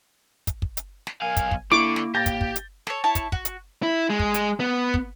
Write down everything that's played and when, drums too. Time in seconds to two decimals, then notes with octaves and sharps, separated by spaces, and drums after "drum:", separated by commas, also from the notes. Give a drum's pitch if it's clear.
0.47 drum: kick, hi-hat
0.62 drum: kick
0.77 drum: hi-hat
1.07 drum: snare
1.22 B1 A#4 F5 G#5
1.37 drum: kick, hi-hat
1.51 drum: kick
1.72 D3 A#3 E4 C#6 D6
1.96 drum: snare
2.15 A2 A#3 G4 G6 A6 A#6
2.26 drum: kick, hi-hat
2.41 drum: kick
2.56 drum: hi-hat
2.87 A4 C#5, drum: snare
3.04 E4 C#5 A5
3.15 drum: kick, hi-hat
3.32 F#4, drum: kick
3.45 drum: hi-hat
3.83 E4
4.10 G#3
4.19 drum: kick
4.34 drum: hi-hat
4.60 B3
4.94 drum: kick